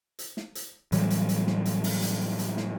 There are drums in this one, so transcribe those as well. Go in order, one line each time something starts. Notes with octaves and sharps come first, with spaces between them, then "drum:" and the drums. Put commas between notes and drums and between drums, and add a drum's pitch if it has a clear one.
drum: hi-hat
drum: snare
drum: hi-hat
A2 E3 F#3 G3, drum: hi-hat
drum: hi-hat
drum: hi-hat
drum: snare
drum: hi-hat
drum: open hi-hat
drum: hi-hat
drum: hi-hat
drum: snare